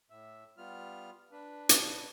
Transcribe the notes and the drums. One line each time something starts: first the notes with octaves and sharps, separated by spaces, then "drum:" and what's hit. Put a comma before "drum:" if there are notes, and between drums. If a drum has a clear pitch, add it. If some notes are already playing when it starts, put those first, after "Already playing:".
A2 E5
G3 B3 F4 F6
D4 B4
drum: hi-hat